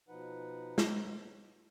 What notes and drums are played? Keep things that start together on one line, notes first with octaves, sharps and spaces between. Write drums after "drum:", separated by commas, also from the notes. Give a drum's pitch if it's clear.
B2 F3 D#4 B4 F#5
drum: snare